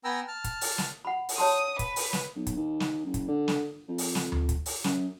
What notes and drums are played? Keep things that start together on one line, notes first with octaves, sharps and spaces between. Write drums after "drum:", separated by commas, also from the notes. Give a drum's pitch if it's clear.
B3 B4 G5 G#5 A#5 E6
A5 F6
drum: kick, hi-hat
drum: open hi-hat
drum: snare
F#5 B5
drum: open hi-hat
C#5 A5 C6 D#6
B4, drum: kick, hi-hat
drum: open hi-hat
drum: snare
B1
drum: kick, hi-hat
D#2
drum: snare
F#1
drum: kick, hi-hat
D3
drum: snare
F2
drum: open hi-hat
drum: snare
drum: tom D2
drum: kick, hi-hat
drum: open hi-hat
F#2, drum: snare